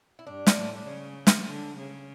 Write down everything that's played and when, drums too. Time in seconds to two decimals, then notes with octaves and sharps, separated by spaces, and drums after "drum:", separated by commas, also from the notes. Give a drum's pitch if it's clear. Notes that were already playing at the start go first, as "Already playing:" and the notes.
0.19 E4
0.27 G2 D4
0.47 drum: snare
0.56 A2
0.76 D4
0.86 C#3 C#4
1.27 drum: snare
1.47 D3
1.77 C#3